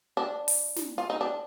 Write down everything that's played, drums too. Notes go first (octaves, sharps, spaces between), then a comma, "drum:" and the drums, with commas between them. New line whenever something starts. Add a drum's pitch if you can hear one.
D4
drum: open hi-hat
drum: snare
F4
D#4
D4